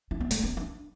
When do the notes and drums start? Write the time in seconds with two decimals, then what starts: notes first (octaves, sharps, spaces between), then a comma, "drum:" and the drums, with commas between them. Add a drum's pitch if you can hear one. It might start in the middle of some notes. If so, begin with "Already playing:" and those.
0.11 E4
0.21 B3
0.31 A3, drum: hi-hat
0.44 B3
0.57 D4